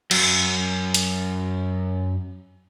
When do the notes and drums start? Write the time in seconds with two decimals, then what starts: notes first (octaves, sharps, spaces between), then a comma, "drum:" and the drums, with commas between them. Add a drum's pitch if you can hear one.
0.11 F#2 F#3, drum: cymbal
0.94 drum: hi-hat